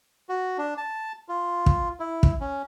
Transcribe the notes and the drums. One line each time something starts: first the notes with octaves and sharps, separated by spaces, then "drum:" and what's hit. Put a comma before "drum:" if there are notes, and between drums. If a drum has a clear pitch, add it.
F#4
D4
A5
F4
drum: kick
E4
drum: kick
C#4